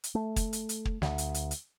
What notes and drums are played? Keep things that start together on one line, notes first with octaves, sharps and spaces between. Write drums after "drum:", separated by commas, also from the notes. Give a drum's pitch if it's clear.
drum: hi-hat
A3
drum: kick, hi-hat
drum: hi-hat
drum: hi-hat
drum: kick
D2, drum: snare
drum: hi-hat
drum: hi-hat
drum: hi-hat